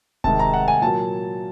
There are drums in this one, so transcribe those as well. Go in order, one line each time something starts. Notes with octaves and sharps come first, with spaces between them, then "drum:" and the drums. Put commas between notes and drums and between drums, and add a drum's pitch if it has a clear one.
C3 D#3 G#3 A5, drum: kick D#1
A#5
F#5
G#5
A#2 F#3 A#3 A5